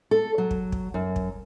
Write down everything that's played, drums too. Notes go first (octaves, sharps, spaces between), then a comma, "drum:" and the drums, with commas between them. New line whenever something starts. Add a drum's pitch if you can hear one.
A4
F#3
drum: kick
drum: kick
F#2
drum: kick